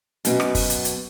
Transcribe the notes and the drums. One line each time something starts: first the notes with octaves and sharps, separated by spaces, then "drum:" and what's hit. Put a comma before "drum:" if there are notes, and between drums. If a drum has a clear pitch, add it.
F#2 B2, drum: hi-hat
drum: rim click
drum: kick, open hi-hat
drum: hi-hat
drum: hi-hat